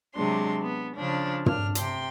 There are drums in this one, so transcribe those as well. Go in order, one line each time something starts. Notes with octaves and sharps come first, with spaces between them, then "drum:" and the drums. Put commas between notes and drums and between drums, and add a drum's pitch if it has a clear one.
C3 F#3 G#3 D4 C6
B3
C#3 F3 D4
D4 F6, drum: tom
C3 G5 C6, drum: hi-hat